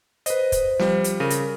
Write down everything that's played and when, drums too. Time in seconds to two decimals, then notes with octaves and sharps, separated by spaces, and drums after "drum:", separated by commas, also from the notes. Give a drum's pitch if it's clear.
0.26 B4 C5 D#5, drum: hi-hat
0.52 drum: kick, hi-hat
0.79 F3 G3, drum: snare
1.04 drum: hi-hat
1.20 C#3 A#4 D#7
1.30 drum: hi-hat